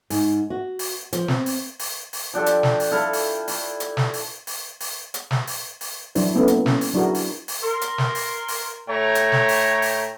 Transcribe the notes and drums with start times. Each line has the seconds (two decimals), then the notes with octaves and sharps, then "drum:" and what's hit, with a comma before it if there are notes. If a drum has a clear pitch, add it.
0.10 G#2, drum: open hi-hat
0.50 F#4
0.79 drum: open hi-hat
1.13 F3, drum: hi-hat
1.28 C4, drum: snare
1.46 drum: open hi-hat
1.79 drum: open hi-hat
2.13 drum: open hi-hat
2.33 F3 D4 G4 A4
2.46 drum: hi-hat
2.63 drum: snare
2.80 drum: open hi-hat
2.92 E4 A4 F5
3.13 drum: open hi-hat
3.48 E4, drum: open hi-hat
3.80 drum: hi-hat
3.97 drum: snare
4.14 drum: open hi-hat
4.47 drum: open hi-hat
4.80 drum: open hi-hat
5.14 drum: hi-hat
5.31 drum: snare
5.47 drum: open hi-hat
5.81 drum: open hi-hat
6.15 E3 F#3 D4 E4 C5, drum: open hi-hat
6.35 A3 B3 C#4 E4
6.48 A#3, drum: hi-hat
6.66 C#4, drum: snare
6.81 drum: open hi-hat
6.94 F#3 D4 E4 F#4 G#4 A#4
7.15 drum: open hi-hat
7.48 drum: open hi-hat
7.62 A#4 C6
7.81 drum: hi-hat
7.98 drum: snare
8.15 drum: open hi-hat
8.48 drum: open hi-hat
8.88 A2 A3 C#5 G5 A#5
9.15 drum: hi-hat
9.32 drum: snare
9.49 drum: open hi-hat
9.82 drum: open hi-hat